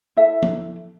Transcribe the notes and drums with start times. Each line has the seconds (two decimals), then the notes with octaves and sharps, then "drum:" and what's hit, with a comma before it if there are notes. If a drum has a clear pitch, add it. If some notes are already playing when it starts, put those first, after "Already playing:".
0.17 E4 A4 E5
0.42 drum: tom F3